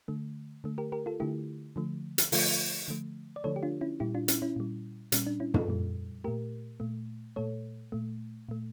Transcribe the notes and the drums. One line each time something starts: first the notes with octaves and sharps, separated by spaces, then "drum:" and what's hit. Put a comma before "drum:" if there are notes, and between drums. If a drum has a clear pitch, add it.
D3 A3
D3 A3
G4 A#4
G4 A#4
F4 A4
D3 A3 E4 G4
D3 F3 A3
drum: hi-hat
D3 F3 A3 F4 A4, drum: open hi-hat
D3 F3 A3
D5
D3 F3 A3 A4 C#5
G4
D4 F4
C#4 E4
A#2 G3 E4 G4
D4 F4
C#4 E4, drum: hi-hat
C#4 E4
A#2 G3
A#2 G3 C#4, drum: hi-hat
D4
C#4 E4
F4 A4, drum: tom
A#2 G3
A#2 A3 G4 A#4
A#2 A3
A#2 A3 A4 C#5
A#2 A3
A#2 A3